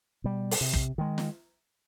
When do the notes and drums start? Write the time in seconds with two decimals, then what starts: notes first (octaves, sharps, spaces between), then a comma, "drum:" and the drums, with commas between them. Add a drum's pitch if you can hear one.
0.24 B2 G3
0.51 drum: open hi-hat
0.61 C3
0.73 drum: kick
0.98 D#3 G#3
1.18 drum: snare